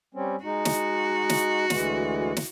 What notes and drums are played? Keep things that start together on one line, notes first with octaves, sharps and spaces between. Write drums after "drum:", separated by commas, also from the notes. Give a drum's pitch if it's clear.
G3 C4 C#4
G#3 D#4 F#4
drum: snare
drum: snare
D2 E3 G#3, drum: snare
drum: snare